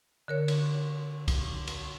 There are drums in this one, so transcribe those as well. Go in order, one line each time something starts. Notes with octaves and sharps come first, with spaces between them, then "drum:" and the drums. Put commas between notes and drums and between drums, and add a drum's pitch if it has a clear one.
D3 A#4 C#5
drum: cymbal
drum: kick, cymbal
drum: cymbal